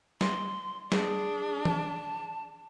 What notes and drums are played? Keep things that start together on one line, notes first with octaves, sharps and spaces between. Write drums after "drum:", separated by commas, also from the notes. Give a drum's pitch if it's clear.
C6, drum: snare
D4 G#4, drum: snare
A5, drum: tom